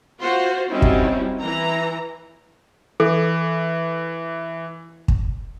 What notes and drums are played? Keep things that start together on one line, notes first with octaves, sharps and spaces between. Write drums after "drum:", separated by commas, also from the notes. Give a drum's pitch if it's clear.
F4 F#4 C5
F#3 G3 C4 C#4 D#4 E4
drum: kick
E3 A#5
E3 A4
drum: kick